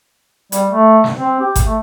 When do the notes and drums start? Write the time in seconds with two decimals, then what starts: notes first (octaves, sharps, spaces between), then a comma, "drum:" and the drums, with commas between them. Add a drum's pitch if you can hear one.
0.52 G3, drum: hi-hat
0.71 A3
1.04 drum: snare
1.17 C4
1.40 G4
1.56 drum: kick G1, hi-hat
1.66 A3